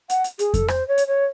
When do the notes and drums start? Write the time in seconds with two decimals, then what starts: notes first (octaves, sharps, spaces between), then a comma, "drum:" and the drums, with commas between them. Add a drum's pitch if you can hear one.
0.10 F#5, drum: hi-hat
0.24 drum: hi-hat
0.39 G#4, drum: hi-hat
0.54 A4, drum: kick F2, hi-hat
0.68 C5, drum: rim click
0.88 C#5
0.98 drum: hi-hat
1.07 C#5